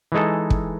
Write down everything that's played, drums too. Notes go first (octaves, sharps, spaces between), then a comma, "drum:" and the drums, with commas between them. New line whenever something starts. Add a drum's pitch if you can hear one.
E3 G#3 D#4 A4
drum: kick